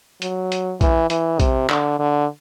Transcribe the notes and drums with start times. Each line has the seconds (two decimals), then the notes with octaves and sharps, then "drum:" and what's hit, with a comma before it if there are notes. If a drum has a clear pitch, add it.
0.22 F#3, drum: hi-hat
0.52 drum: hi-hat
0.81 E3, drum: kick A#1, hi-hat
1.10 E3, drum: hi-hat
1.40 C3, drum: kick A#1, hi-hat
1.69 D3, drum: clap
1.99 D3